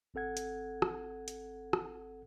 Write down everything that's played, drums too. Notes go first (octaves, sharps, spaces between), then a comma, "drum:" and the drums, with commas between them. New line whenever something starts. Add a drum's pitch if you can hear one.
G#1 C4 A4 F#5 G#6
drum: hi-hat
drum: rim click
drum: hi-hat
drum: rim click